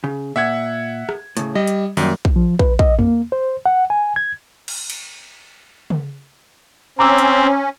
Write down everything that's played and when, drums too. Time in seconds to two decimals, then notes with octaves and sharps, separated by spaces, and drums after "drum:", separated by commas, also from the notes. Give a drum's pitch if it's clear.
0.04 C#3
0.36 A#2 E5 F#5 G#6
1.09 drum: rim click
1.37 A2 C#3, drum: hi-hat
1.55 G3 D#5
1.67 drum: hi-hat
1.97 F#2 D#3 G3 A#3, drum: open hi-hat
2.25 drum: kick
2.36 F3
2.59 B4, drum: kick
2.79 D#5, drum: kick
2.99 A#3, drum: tom E2
3.32 C5
3.66 F#5
3.90 G#5
4.16 G#6
4.68 drum: cymbal
4.90 drum: cymbal
5.90 drum: tom C#3
6.99 C4 C#4 A#5 D6 E6
7.18 drum: hi-hat